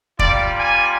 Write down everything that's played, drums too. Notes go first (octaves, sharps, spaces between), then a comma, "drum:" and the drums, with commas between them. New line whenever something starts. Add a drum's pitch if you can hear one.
G3 A#3 F4 D5, drum: kick
G#5